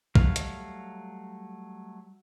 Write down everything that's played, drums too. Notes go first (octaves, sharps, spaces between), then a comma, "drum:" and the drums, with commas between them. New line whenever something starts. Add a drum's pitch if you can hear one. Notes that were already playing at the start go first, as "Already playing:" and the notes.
F#3 G3 A3 F5, drum: kick
drum: hi-hat